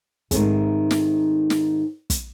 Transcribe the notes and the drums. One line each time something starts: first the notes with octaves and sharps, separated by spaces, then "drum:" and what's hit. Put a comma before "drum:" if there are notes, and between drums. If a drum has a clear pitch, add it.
G#2 D#3 A3 C4 G#4, drum: kick, hi-hat
drum: snare
drum: snare
drum: kick, hi-hat